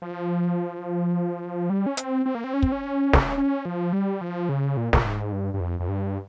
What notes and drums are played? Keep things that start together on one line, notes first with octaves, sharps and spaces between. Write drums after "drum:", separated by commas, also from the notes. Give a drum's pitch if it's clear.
F3
G3
C#4
C4, drum: hi-hat
C4
A#3
C4
C#4
C4, drum: kick
C#4
drum: snare
C#4
F3
G3
F3
C#3
A#2
A#2, drum: snare
G#2
G2
G2
F2
F2
G2